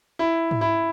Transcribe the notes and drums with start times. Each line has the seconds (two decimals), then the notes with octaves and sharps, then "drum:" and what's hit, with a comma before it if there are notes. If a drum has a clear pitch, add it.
0.19 E4
0.51 drum: tom G#2
0.61 E4